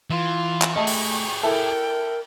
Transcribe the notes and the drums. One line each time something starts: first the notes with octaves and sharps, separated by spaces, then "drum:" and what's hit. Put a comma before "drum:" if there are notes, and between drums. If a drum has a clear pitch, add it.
E3 F4
drum: clap
A3 G4 G#4 D#5 E5 A5 C#6
drum: open hi-hat
E4 A4 A#4 G5